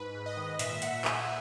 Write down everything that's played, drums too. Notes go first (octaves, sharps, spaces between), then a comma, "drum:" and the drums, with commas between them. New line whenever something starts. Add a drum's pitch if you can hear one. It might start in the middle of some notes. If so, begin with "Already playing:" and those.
Already playing: G#2 B4
G#2
D#5
D#3
A#2 E5, drum: hi-hat
A#2 F#5, drum: hi-hat
A#2 G#5, drum: clap